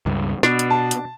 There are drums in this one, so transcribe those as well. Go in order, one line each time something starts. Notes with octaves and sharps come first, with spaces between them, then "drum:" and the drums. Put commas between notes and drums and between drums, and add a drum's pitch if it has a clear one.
C#2 G2
B2 D4, drum: snare
drum: hi-hat
A5
drum: hi-hat